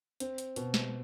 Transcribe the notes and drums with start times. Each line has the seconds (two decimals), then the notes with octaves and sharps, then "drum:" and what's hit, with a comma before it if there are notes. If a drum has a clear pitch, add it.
0.20 C4, drum: hi-hat
0.38 drum: hi-hat
0.56 B2, drum: hi-hat
0.74 drum: snare